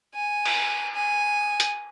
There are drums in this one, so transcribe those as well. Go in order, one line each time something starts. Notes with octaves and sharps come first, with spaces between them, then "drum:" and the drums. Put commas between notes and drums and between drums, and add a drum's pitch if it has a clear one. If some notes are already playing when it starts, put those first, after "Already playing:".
G#5
drum: cymbal
G#5
drum: hi-hat